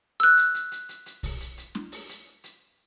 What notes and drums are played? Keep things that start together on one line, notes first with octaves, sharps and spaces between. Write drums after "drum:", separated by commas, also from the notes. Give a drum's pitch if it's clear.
E6 F#6
drum: hi-hat
drum: hi-hat
drum: hi-hat
drum: hi-hat
drum: hi-hat
drum: kick, open hi-hat
drum: hi-hat
drum: hi-hat
drum: snare
drum: open hi-hat
drum: hi-hat
drum: hi-hat